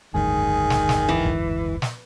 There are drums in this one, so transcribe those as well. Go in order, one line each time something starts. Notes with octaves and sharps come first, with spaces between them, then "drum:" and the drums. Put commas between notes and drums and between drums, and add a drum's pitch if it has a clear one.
F#1 D2 G#2 D#3 G#4
drum: snare
drum: snare
E3
drum: kick
drum: snare